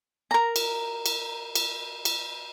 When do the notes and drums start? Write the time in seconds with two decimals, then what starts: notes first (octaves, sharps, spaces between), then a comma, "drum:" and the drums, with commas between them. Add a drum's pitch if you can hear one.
0.31 A#4 A#5
0.56 drum: cymbal
1.06 drum: cymbal
1.55 drum: cymbal
2.05 drum: cymbal